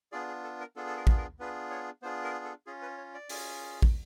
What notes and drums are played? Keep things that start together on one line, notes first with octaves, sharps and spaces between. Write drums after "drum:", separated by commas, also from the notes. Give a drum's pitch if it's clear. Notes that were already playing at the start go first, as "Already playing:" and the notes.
B3 D4 F4 G#4 D5
G#4
A4
A#4
B3 D4 F4 G#4 A4
A4
A#4
drum: kick
A#4
B3 D4 F4 G#4 B4
C#5
B3 D4 F4 G#4 C5
A#4
A4
C#4 F4 G#4
B4
C#5
D5
C#4 F4 G#4, drum: open hi-hat
drum: kick